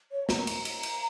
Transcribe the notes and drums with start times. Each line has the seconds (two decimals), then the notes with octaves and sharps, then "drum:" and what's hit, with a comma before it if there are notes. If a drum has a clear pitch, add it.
0.12 C#5
0.29 A#5, drum: snare
0.47 drum: cymbal
0.65 drum: cymbal
0.83 drum: cymbal